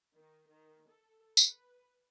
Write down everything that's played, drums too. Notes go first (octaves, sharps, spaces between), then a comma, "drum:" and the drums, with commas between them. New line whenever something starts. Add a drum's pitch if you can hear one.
D#3
D#3
A4
B4, drum: tambourine